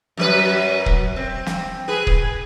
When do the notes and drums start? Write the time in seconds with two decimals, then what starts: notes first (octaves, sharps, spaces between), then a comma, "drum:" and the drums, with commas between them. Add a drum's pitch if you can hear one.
0.17 F#2 F#3 B4
0.86 drum: kick
1.16 C4
1.46 drum: snare
1.88 G#4 B4
2.07 drum: kick